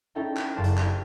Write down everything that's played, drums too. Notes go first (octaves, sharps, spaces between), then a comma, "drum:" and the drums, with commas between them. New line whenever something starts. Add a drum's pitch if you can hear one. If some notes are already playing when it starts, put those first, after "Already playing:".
C#4 D#4 E4 A4 G5 A5
drum: clap
F#1 C5 A5 D6 A6 E7
drum: hi-hat
G4, drum: clap